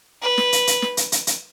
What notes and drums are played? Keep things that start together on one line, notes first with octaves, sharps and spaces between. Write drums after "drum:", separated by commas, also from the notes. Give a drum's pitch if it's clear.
B4
drum: snare
drum: hi-hat
drum: hi-hat
drum: snare
drum: hi-hat
drum: hi-hat
drum: hi-hat